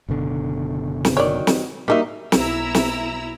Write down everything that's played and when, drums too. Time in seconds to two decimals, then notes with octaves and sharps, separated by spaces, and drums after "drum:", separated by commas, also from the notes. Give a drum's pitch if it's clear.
0.09 F#1 B2 D3
1.05 drum: snare
1.17 D#3 F#3 C#5 D5
1.47 drum: snare
1.88 G3 A#3 D#4 F#4 A4 E5
2.32 B1 E4 A#5 E6, drum: snare
2.75 drum: snare